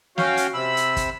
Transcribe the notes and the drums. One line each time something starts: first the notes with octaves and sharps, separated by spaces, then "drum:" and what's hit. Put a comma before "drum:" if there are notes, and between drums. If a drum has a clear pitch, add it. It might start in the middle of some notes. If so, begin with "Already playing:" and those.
C#4 F#4 F5 G5, drum: snare
drum: hi-hat
C3 B5 E6
drum: hi-hat
drum: kick, hi-hat